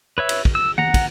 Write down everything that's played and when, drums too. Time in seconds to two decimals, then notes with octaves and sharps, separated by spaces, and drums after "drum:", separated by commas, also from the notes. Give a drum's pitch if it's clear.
0.18 B4 C#5 E5
0.29 drum: cymbal
0.45 drum: kick
0.55 E6
0.78 F#5 A#5, drum: tom D#3
0.94 drum: kick, cymbal